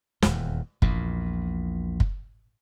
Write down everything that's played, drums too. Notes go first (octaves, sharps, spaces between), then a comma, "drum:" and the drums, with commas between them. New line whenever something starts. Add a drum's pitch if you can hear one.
D#1 E2, drum: snare
A#1 E2 A#2, drum: kick
drum: kick